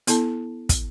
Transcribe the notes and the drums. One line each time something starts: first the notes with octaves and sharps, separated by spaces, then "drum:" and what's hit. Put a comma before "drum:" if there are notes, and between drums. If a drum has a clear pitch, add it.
B3 E4 A4 A5, drum: hi-hat
drum: kick, hi-hat